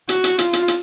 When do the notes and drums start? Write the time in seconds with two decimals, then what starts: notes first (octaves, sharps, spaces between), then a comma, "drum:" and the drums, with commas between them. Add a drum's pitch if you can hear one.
0.09 F#4, drum: hi-hat
0.24 drum: hi-hat
0.38 F4, drum: hi-hat
0.53 drum: hi-hat
0.68 drum: hi-hat